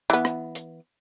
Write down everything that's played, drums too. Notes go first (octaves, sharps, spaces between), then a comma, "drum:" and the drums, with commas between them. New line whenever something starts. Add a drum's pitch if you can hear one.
E3 B3
drum: rim click
drum: hi-hat